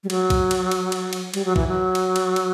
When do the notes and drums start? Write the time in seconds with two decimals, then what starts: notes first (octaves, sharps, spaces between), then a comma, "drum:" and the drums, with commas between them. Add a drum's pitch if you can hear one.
0.04 G3
0.10 F#3, drum: cymbal
0.30 drum: kick, cymbal
0.51 drum: cymbal
0.71 drum: cymbal
0.92 drum: cymbal
1.13 drum: cymbal
1.34 G3, drum: cymbal
1.45 F#3
1.56 E3, drum: kick
1.68 F#3
1.95 drum: cymbal
2.16 drum: cymbal
2.36 drum: cymbal